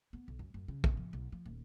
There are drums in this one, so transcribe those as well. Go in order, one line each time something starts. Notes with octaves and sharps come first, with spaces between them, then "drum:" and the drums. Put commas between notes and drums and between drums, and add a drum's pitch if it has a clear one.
B3
B1
F#2
F#2
C#3
F#1, drum: kick
F3
B1
F3
D#1